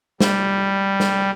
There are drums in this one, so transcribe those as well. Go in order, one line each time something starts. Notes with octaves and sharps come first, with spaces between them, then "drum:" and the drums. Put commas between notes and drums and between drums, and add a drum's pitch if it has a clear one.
G3, drum: snare
drum: snare